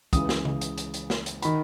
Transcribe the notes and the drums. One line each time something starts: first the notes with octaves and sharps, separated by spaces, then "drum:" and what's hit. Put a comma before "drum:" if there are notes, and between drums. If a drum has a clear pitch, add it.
C#2 C#3 E3 D#6, drum: kick, hi-hat
drum: snare
drum: tom C#3
drum: hi-hat
drum: hi-hat
drum: hi-hat
drum: snare
drum: hi-hat
D#3 B5, drum: hi-hat